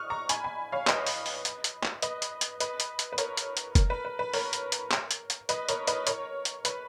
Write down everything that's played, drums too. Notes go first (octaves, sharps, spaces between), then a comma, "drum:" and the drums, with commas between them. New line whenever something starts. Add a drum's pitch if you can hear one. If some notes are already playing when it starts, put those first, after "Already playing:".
Already playing: C#6 D#6 F6 F#6
A#5 C#6
G#5 B5, drum: hi-hat
G#5 B5
C#5 F5
B4 D#5, drum: clap
drum: open hi-hat
drum: open hi-hat
drum: hi-hat
drum: hi-hat
drum: clap
B4 D#5, drum: hi-hat
drum: hi-hat
drum: hi-hat
B4 D#5, drum: hi-hat
drum: hi-hat
drum: hi-hat
B4
A#4 C#5, drum: hi-hat
drum: hi-hat
drum: hi-hat
A#4, drum: kick F#1, hi-hat
B4
B4
B4
A#4 C#5, drum: open hi-hat
drum: hi-hat
drum: hi-hat
drum: clap
drum: hi-hat
drum: hi-hat
B4 D#5, drum: hi-hat
A#4 C#5, drum: hi-hat
B4 D#5, drum: hi-hat
A#4 C#5, drum: hi-hat
drum: hi-hat
B4, drum: hi-hat